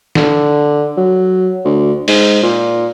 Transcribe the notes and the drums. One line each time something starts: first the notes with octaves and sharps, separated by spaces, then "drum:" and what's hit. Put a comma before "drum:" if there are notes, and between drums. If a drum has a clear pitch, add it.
D3, drum: snare
F#3
D2
G#2, drum: open hi-hat
A#2